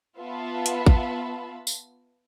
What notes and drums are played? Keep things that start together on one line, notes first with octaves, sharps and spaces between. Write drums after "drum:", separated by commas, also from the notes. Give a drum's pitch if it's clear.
B3 F4 E5 A5 B5
drum: hi-hat
drum: kick
drum: tambourine